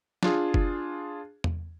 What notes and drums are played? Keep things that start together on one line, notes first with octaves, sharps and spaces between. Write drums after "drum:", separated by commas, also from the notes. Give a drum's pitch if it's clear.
D4 F4 G#4, drum: snare
drum: kick F#1
drum: tom E2